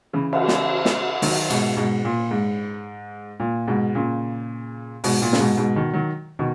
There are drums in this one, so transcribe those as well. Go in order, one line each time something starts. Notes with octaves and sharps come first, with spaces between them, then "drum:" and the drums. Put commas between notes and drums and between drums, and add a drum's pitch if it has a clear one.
C#3 E3
drum: cymbal
drum: snare
drum: snare
D#3 F#3, drum: open hi-hat
G#2 B2, drum: cymbal
G#2 B2
A#2
G#2
A#2
G#2 B2
A#2 C#3
G#2 B2, drum: open hi-hat
A#2
C#3, drum: snare
G#2 B2
G#2 B2
B2 D#3
D#3 F#3
B2 D#3